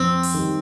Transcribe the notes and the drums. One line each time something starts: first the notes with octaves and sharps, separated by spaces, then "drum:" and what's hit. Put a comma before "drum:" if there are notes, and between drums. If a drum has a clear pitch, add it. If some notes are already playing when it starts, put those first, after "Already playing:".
Already playing: F2 C4
drum: open hi-hat
D#3 G3